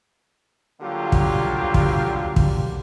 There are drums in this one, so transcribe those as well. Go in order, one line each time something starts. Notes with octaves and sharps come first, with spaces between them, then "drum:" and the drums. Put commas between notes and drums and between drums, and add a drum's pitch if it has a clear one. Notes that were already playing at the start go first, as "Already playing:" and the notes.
D3 F#3 G3 A#3 F4 G4
drum: kick
drum: kick
drum: kick